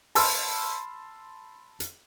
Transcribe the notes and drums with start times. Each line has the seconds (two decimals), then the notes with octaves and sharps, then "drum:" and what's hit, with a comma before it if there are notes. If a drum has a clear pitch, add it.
0.15 A5 B5 C6 E6 F6, drum: open hi-hat
1.80 drum: hi-hat